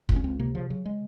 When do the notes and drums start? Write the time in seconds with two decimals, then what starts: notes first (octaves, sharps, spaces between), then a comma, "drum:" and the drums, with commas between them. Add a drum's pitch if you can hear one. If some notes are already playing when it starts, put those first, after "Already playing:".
0.09 C#2, drum: kick
0.16 C#4
0.24 C#2 C4
0.39 C3 A#3
0.55 C#3 F3
0.70 C#3 F#3
0.86 G#3